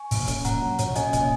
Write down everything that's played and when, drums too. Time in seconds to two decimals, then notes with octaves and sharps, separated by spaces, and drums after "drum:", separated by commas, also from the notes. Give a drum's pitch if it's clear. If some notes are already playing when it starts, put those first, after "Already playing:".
Already playing: G#5 C#6
0.11 A#1, drum: open hi-hat
0.28 C#4, drum: kick, hi-hat
0.45 A#2 F#5 A#5, drum: hi-hat
0.62 F#3
0.79 A#1 C#5, drum: hi-hat
0.96 C#4 D#5 G#5, drum: hi-hat
1.13 A#2 D#5 G#5, drum: kick, hi-hat